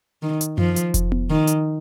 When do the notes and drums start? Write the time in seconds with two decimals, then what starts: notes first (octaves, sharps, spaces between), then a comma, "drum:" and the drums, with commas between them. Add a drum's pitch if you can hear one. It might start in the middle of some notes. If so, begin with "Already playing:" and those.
0.22 D#3
0.41 drum: hi-hat
0.58 F3, drum: tom F#2
0.76 drum: hi-hat
0.94 drum: kick F1, hi-hat
1.12 drum: tom B3
1.30 D#3
1.47 drum: hi-hat